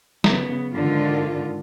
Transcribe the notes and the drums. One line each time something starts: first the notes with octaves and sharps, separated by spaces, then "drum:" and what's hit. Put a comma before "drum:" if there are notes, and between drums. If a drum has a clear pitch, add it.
C#3 F#3 B3, drum: snare
G#2 D3 D#3 F4